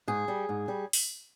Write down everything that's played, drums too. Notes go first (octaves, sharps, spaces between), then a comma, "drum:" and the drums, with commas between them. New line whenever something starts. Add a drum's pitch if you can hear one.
G#2 G#4
G3
G#2
G3
drum: open hi-hat